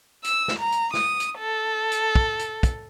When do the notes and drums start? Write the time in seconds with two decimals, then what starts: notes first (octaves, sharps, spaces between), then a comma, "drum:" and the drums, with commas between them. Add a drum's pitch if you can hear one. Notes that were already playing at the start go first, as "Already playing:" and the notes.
0.24 E6, drum: hi-hat
0.48 drum: snare
0.59 A#5
0.72 drum: hi-hat
0.94 D#6, drum: snare
1.20 drum: hi-hat
1.38 A4
1.92 drum: hi-hat
2.15 drum: kick
2.39 drum: hi-hat
2.63 drum: kick, hi-hat